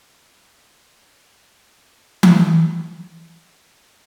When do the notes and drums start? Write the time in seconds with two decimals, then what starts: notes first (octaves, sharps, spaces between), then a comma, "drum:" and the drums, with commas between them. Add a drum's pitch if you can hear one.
0.10 G4 G#4 A#4
2.23 drum: tom E3
2.95 G3 G#4
3.08 E3 F3 A3 A#3
3.30 B2
3.44 C3 F3
3.58 C6 C#6
3.90 D4 D5